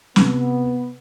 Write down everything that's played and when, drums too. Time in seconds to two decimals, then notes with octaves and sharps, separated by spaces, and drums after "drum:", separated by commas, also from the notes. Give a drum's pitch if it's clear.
0.16 C3 B3, drum: snare